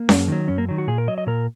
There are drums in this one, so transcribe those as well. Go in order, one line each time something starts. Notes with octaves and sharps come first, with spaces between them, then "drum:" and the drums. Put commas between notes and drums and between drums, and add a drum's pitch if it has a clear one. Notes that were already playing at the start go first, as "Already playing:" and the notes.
Already playing: A#3
F#2, drum: snare C#4
D#3 F#3
F#2 C#4
A#3
D#3 F#3
F#4
A#2 G#4
A#4
F#3 D#5
D#5
A#2 A#4